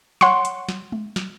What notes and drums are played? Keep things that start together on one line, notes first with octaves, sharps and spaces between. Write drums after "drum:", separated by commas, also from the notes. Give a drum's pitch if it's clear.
C#5 F#5 C6 C#6, drum: snare
drum: hi-hat
drum: snare
drum: tom G#3
drum: snare